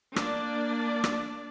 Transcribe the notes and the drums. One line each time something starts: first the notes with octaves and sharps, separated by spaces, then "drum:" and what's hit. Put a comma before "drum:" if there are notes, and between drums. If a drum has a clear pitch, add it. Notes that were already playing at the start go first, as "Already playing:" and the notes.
A#3 D4 D5, drum: rim click
drum: rim click